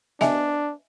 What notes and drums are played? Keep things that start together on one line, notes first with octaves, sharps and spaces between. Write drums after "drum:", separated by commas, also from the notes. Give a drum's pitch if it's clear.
D4 D#5 E5 G#5, drum: snare B3